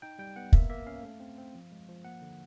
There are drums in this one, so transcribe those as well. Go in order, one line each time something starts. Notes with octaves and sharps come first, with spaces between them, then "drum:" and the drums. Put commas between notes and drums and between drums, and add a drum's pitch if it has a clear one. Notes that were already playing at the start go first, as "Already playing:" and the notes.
D#4 G5
G3 G5
B3 F#5
A#3 E5, drum: kick
A#3 E5
C#4 F5
A3
C4
C4
F3
G#3
F3
A#3 F#5
D3